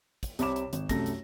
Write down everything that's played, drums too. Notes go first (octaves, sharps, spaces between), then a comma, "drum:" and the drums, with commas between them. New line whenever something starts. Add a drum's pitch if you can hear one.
drum: kick, hi-hat
C2 C3 C#5 B5 D6 E7, drum: hi-hat
drum: hi-hat
G#1, drum: hi-hat
C2 F#2 A3 A#6, drum: kick, hi-hat
drum: hi-hat